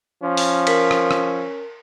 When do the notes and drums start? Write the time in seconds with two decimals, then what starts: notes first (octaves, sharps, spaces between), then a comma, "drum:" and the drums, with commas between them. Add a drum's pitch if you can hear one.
0.24 F3 C#4
0.37 drum: open hi-hat
0.67 A#4 B6, drum: cymbal
0.91 drum: rim click
1.11 drum: rim click